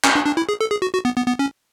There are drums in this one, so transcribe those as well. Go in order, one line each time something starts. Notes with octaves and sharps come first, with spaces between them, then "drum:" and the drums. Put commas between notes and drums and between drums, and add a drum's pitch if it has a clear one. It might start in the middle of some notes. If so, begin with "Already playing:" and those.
C#4, drum: clap
D4
D4
E4
G#4
A4
G#4
F#4
F#4
B3
B3
B3
C#4